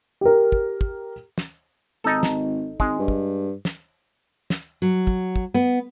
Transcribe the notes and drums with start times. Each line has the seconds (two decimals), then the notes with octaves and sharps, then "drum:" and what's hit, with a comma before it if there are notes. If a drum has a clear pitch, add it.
0.21 G4 A#4
0.52 drum: kick
0.81 drum: kick
1.38 drum: snare
2.04 G#1 D#4 A4
2.23 drum: snare
2.80 G#1 G#3, drum: kick
2.99 G2
3.08 drum: kick
3.65 drum: snare
4.50 drum: snare
4.82 F#3
5.07 drum: kick
5.36 drum: kick
5.54 B3